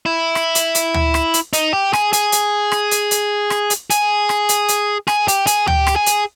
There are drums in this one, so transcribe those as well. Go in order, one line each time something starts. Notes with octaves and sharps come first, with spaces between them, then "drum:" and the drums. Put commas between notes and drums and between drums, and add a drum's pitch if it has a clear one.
E4
drum: rim click
drum: hi-hat
drum: hi-hat
drum: tom D2
drum: rim click
drum: hi-hat
D#4, drum: hi-hat
G4
G#4, drum: rim click
G#4, drum: hi-hat
drum: hi-hat
drum: rim click
drum: hi-hat
drum: hi-hat
drum: rim click
drum: hi-hat
G#4, drum: hi-hat
drum: rim click
drum: hi-hat
drum: hi-hat
G#4, drum: rim click
G4, drum: hi-hat
G#4, drum: hi-hat
G4, drum: tom D2
drum: rim click
G#4
drum: hi-hat